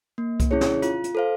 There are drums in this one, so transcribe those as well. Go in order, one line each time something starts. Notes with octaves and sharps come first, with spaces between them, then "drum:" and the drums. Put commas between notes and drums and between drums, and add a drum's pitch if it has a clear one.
A#3
drum: kick C2, hi-hat
C#4 E4 G#4 C#5
drum: snare
F4, drum: hi-hat
drum: hi-hat
A4 C5 F5